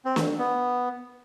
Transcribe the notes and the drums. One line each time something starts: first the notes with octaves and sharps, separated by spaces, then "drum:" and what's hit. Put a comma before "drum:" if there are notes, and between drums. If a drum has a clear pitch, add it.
C4
drum: snare
B3